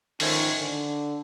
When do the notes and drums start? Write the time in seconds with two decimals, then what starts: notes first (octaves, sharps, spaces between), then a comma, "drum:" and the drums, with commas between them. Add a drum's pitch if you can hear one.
0.20 G#2 D#3 F3 A3 C#4, drum: open hi-hat
0.61 D3